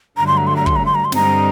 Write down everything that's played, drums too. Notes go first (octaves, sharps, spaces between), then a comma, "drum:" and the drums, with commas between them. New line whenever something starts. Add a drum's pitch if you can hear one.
G2 D3 F#3 A3 A#5
C6
A#5
C6
A#5
C6, drum: kick
A#5
C6
A#5
C6
G2 D3 G3 C4 D#4 A#5, drum: snare